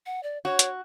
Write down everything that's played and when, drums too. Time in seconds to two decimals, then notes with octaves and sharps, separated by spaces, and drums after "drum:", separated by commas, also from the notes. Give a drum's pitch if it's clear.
0.06 F#5
0.23 D5
0.45 F#4 C#5
0.59 drum: hi-hat